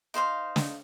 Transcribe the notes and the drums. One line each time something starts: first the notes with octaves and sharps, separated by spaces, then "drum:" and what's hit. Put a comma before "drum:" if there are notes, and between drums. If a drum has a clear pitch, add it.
D#4 C5 F5 C6
drum: snare